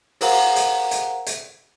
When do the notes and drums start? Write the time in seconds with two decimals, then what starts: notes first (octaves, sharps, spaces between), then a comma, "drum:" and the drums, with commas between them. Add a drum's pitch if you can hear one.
0.21 G#4 A#4 C5 F5 F#5 A#5, drum: open hi-hat
0.56 drum: hi-hat
0.91 drum: hi-hat
1.26 drum: hi-hat